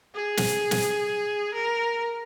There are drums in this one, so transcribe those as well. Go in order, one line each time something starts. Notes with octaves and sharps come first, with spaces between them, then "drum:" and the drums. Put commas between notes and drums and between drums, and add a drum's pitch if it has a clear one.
G#4
drum: snare
drum: snare
A#4